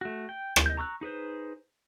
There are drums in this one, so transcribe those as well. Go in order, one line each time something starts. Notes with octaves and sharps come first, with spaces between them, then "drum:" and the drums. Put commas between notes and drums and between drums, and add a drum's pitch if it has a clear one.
A3 F#4
G5
drum: rim click
D#5 G6
A#5 C#6 E6 F#6
D#4 G#4 B4 C5